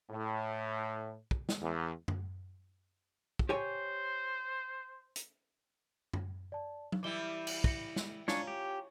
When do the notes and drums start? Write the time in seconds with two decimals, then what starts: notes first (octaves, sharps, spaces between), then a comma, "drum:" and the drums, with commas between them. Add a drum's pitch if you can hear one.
0.10 A2
1.31 drum: kick
1.49 drum: snare
1.60 E2
2.08 drum: tom F#2
3.39 drum: kick
3.49 G4 C5 C#5 G#5
5.16 drum: hi-hat
6.13 drum: tom F#2
6.52 D5 A5
6.92 drum: tom F#3
7.03 E3 G3 E4 D6 G7
7.47 drum: cymbal
7.64 A#6 C#7, drum: kick
7.96 drum: snare
8.28 C#4 D4 F4 C#5 F5 A#5, drum: snare
8.47 G4